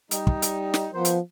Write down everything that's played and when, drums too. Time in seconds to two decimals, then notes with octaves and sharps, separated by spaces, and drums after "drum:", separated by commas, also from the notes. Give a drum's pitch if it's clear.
0.11 G3 D#4, drum: hi-hat
0.27 drum: kick
0.42 drum: hi-hat
0.74 drum: snare
0.94 F3 B3 A#4 C5
1.05 drum: hi-hat